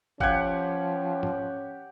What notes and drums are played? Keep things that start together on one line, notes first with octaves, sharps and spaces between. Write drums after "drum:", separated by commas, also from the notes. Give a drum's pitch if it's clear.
F3 C#4 G4 F5 F#5 G#6, drum: kick G1
drum: tom G#2